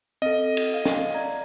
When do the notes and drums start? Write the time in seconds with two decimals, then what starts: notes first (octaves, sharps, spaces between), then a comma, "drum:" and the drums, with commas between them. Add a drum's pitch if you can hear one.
0.22 C4 A4 D#5
0.57 drum: cymbal
0.74 F5
0.85 drum: snare
1.14 D5 A#5 G#6